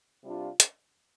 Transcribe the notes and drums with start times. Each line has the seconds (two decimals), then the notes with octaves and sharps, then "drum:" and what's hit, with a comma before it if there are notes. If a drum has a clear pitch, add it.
0.24 C3 G3 D4 F4
0.60 drum: hi-hat